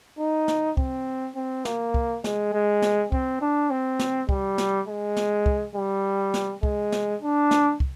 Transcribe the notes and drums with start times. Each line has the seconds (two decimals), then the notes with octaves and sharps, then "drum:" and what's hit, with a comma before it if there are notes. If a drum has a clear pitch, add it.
0.19 D#4
0.48 drum: snare
0.77 C4, drum: kick
1.36 C4
1.65 A#3, drum: snare
1.94 drum: kick
2.24 G#3, drum: snare
2.53 G#3
2.82 drum: snare
3.12 C4, drum: kick
3.41 D4
3.70 C4
3.99 drum: snare
4.29 G3, drum: kick
4.58 drum: snare
4.88 G#3
5.17 drum: snare
5.46 drum: kick
5.75 G3
6.34 drum: snare
6.63 G#3, drum: kick
6.92 drum: snare
7.22 D4
7.51 drum: snare
7.80 drum: kick